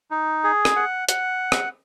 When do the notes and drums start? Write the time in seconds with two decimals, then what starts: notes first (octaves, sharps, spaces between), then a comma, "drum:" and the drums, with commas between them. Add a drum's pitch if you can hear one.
0.11 D#4
0.44 G#4
0.65 drum: rim click
0.76 F#5
1.09 F#5, drum: hi-hat
1.52 drum: rim click